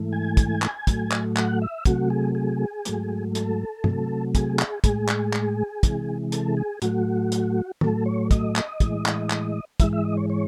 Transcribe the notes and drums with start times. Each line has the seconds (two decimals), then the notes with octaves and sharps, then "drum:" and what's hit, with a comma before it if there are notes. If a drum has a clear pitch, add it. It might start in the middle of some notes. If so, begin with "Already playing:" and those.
Already playing: G#2 E3 A3
0.13 G#5
0.37 drum: kick, hi-hat
0.62 drum: clap
0.87 A2 F#3 A3, drum: kick, hi-hat
1.12 drum: clap
1.37 F#5, drum: clap
1.61 E5
1.85 C3 F#3 A3 F#4, drum: kick, hi-hat
2.10 G#4
2.35 G#4
2.85 G#2 F#3 A3, drum: hi-hat
3.35 A4, drum: hi-hat
3.84 C3 F#3 A3, drum: tom
4.35 G#4, drum: kick, hi-hat
4.59 drum: clap
4.84 A2 G#3 G#4, drum: kick, hi-hat
5.09 drum: clap
5.33 drum: clap
5.83 C3 E3 G#3, drum: kick, hi-hat
6.32 A4, drum: hi-hat
6.57 G#4
6.82 A2 F#3 A3 F#4, drum: hi-hat
7.32 drum: hi-hat
7.81 A2 F#3 A3 A4, drum: tom
8.06 C#5
8.31 D#5, drum: kick, hi-hat
8.56 drum: clap
8.80 A2 E3 G#3, drum: kick, hi-hat
9.06 drum: clap
9.30 drum: clap
9.80 G#2 E3 G#3 E5, drum: kick, hi-hat
9.93 E5
10.05 D#5
10.17 C#5
10.30 C#5